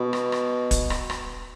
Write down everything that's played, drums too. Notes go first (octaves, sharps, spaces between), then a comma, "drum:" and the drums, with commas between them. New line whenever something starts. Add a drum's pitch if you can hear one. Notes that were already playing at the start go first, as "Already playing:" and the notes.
Already playing: B2
drum: rim click
drum: rim click
drum: kick, hi-hat
drum: rim click
drum: rim click